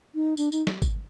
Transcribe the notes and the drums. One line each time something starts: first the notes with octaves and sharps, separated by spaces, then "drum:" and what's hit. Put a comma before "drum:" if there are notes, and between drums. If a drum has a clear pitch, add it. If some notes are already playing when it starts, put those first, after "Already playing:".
D#4
D4, drum: tambourine
D#4, drum: tambourine
drum: snare
drum: kick G#1, tambourine